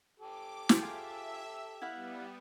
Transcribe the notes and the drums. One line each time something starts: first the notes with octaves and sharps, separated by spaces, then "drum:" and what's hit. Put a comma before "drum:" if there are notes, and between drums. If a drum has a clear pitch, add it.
G4 A4 D6
drum: snare
F4 G#4 E5
G3 B3 E4 F5 F#5